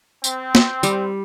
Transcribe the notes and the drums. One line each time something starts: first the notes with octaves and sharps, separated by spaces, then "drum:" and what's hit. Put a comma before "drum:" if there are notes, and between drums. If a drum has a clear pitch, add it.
C4, drum: tambourine
drum: snare
G3, drum: tambourine